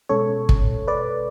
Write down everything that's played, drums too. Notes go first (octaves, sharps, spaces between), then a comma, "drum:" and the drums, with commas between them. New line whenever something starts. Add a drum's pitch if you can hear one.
B2 G#3 C#4 A4 C#5
drum: kick
B4 D5